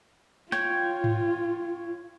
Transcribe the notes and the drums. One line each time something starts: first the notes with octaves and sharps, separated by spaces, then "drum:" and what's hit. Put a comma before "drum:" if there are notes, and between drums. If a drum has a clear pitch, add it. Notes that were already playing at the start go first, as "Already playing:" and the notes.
F4 C#5 G5, drum: snare
drum: tom G#2